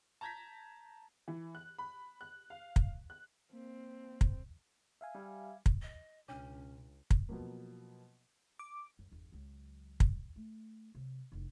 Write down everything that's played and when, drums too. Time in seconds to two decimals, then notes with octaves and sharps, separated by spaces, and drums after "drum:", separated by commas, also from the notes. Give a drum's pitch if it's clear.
0.21 A5 A#5 G6 G#6 A#6 B6
1.28 E3
1.55 F#6
1.79 B5
2.21 F#6
2.50 F5
2.76 drum: kick
3.10 F#6
3.53 A#3 C4
4.21 drum: kick
5.01 E5 F5 G#5
5.15 G3
5.66 drum: kick
5.82 D#5
6.28 C#2 B2 C#4 D4 C#5 D6
7.11 drum: kick
7.29 B2 F3 F#3 A#3
8.59 D6
8.99 F#2
9.12 G1 E2
9.32 C#2 F#3
10.00 drum: kick
10.36 A3
10.95 C3 F#3
11.32 F1 E2